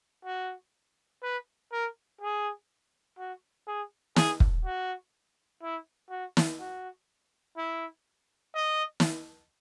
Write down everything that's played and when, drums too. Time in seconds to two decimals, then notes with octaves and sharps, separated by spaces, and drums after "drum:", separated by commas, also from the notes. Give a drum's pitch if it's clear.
0.25 F#4
1.23 B4
1.72 A#4
2.21 G#4
3.18 F#4
3.67 G#4
4.16 G#4, drum: snare
4.40 drum: kick
4.65 F#4
5.62 E4
6.10 F#4
6.37 drum: snare
6.60 F#4
7.57 E4
8.54 D#5
9.00 drum: snare